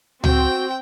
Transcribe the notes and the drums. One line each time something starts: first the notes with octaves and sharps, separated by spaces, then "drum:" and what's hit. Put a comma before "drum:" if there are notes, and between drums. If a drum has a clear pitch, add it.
C4 F#4 G5, drum: tom C#2